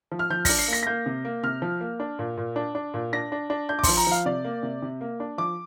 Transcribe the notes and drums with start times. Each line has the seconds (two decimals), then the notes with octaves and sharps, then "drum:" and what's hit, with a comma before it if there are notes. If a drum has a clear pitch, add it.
0.12 F3
0.19 F6
0.30 F3 G6
0.45 D4 A#6, drum: kick, open hi-hat
0.59 C7
0.68 A#3 A#6
0.83 A#6
0.87 A#3 G6
1.06 C3
1.25 A#3
1.43 C3 F6
1.62 F3
1.81 A#3
2.00 D4
2.19 A#2
2.37 A#2
2.56 D4
2.75 D4
2.94 A#2
3.13 D4 A#6
3.32 D4
3.50 D4
3.69 D4 G6
3.79 D6
3.83 F3 C6, drum: kick, open hi-hat
3.97 A#5
4.07 F3 F5
4.25 C3 D5
4.44 A#3
4.63 C3
4.82 C3
5.01 A#3
5.20 D4
5.38 F3 D6